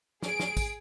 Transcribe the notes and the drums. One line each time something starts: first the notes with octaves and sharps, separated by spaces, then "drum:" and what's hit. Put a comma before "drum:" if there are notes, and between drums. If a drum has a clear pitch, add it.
G#4 D7, drum: snare
drum: snare
drum: kick, tambourine